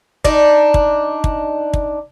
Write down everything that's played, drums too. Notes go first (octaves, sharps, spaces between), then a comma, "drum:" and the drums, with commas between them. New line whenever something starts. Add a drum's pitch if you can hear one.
D4 D#4, drum: kick
drum: kick
drum: kick
drum: kick